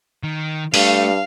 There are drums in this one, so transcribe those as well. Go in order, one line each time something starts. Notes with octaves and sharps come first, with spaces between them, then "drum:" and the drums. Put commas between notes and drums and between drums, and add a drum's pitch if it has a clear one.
D#3
G2 A3 F5, drum: open hi-hat